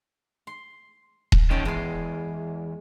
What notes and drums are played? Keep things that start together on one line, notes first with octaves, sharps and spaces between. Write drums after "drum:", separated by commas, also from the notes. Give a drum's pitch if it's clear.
C6
drum: kick D#1
D#3 C#4 G5 A5
E2 G#3 C6